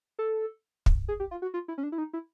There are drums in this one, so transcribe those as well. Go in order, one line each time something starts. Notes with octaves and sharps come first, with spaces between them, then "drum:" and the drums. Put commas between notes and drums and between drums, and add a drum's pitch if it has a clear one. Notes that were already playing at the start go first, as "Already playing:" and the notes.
A4
drum: kick
G#4
G4
F4
F#4
F4
E4
C#4
D4
E4
D#4
E4